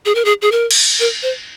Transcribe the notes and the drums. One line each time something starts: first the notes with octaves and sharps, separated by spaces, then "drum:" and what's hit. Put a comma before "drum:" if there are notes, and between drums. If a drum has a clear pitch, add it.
G#4
A#4
G#4
G#4
A#4
drum: cymbal
A#4
C5